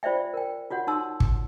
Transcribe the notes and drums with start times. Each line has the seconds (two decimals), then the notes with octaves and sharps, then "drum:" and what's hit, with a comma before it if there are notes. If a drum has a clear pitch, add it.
0.03 F4 C5 D5 E5 G5
0.34 A#4 G5
0.70 F4 F#4 C#5 F#5
0.87 D#4 A5 C6 E6
1.20 drum: kick